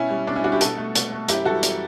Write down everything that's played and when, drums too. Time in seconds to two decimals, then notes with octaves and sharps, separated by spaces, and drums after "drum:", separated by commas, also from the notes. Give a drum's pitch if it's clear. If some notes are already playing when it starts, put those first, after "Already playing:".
Already playing: B2 C#4 E4
0.10 G3
0.27 B2 D4
0.36 C#4 E4
0.44 G3 D4 F#4
0.52 E4 G4
0.61 B2 F#4 A4, drum: hi-hat
0.77 A3
0.95 B2, drum: hi-hat
1.12 A3
1.28 F#2 E4 G4, drum: hi-hat
1.45 E3 G3 F#4 A4
1.63 drum: hi-hat